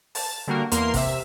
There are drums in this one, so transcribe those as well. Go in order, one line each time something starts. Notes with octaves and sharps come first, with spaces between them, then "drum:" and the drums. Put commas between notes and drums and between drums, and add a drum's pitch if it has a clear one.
A5, drum: open hi-hat
D3 G3 A#3 F#4 A#4
E2 A#3 A#4 C6, drum: hi-hat
C3 E5, drum: kick, open hi-hat